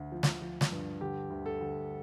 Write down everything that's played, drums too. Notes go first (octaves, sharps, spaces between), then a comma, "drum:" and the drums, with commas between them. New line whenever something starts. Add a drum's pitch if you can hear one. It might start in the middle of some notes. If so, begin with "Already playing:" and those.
Already playing: D2
F3
drum: snare
F3
drum: snare
G2
D3 G4
D2
A4
D2